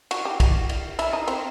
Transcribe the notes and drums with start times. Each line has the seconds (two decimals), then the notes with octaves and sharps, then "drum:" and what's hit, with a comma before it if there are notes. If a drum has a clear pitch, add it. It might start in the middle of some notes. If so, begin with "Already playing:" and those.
0.11 F#4, drum: cymbal
0.25 G4
0.40 F#4, drum: kick, cymbal
0.69 drum: cymbal
0.99 E4, drum: cymbal
1.13 D#4
1.28 C4, drum: cymbal